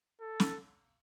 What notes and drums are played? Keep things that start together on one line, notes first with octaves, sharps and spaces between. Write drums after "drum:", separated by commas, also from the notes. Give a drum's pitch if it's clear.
A4
drum: snare